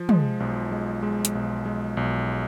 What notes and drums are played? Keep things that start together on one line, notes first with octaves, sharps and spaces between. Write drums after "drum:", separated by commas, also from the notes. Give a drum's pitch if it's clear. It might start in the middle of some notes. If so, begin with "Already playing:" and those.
Already playing: F3
G#3, drum: tom
B1
G#3
G#3
drum: hi-hat
B1
G#3
B1